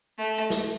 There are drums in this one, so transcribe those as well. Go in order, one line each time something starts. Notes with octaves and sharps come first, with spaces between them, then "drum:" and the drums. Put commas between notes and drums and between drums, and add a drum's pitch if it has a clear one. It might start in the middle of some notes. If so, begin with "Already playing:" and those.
A3
drum: snare